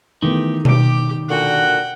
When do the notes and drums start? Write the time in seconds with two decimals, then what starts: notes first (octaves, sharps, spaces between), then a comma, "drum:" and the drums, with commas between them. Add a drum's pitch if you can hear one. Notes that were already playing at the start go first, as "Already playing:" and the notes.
0.22 D#3 E3 A3 B3 G4
0.65 G3 G4 D6 D7, drum: tom B2
1.29 A#2 D3 F#4 F#5 G5